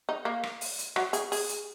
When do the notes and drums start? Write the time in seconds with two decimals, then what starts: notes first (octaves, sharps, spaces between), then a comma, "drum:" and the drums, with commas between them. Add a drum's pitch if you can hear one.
0.09 D#4
0.25 A#3
0.43 drum: rim click
0.61 drum: open hi-hat
0.79 drum: hi-hat
0.96 F#3, drum: rim click
1.13 G#4, drum: hi-hat
1.32 G#4, drum: open hi-hat
1.49 drum: hi-hat